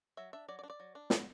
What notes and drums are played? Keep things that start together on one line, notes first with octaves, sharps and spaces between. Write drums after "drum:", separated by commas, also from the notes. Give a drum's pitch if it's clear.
F#3 E5
D4 E5
F#3 D5
D5
D4
D5
F#3
D4
F#3 B4, drum: snare